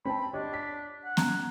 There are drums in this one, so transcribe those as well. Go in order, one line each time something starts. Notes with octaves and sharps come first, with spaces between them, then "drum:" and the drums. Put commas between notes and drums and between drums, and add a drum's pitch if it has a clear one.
C4 G5 A5 B5
D4 G4 C#5 D#5
B6
F#5
A#5 G#6, drum: snare B3